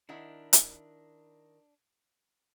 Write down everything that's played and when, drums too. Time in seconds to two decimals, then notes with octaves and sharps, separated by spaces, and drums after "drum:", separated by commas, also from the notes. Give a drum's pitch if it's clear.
0.09 D#3 D4 E4 F#5
0.53 drum: hi-hat